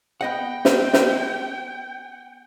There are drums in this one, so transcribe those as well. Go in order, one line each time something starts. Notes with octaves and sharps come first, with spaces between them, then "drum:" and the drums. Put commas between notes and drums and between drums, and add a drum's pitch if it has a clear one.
B3 D#5 F#5 G5
drum: snare
drum: snare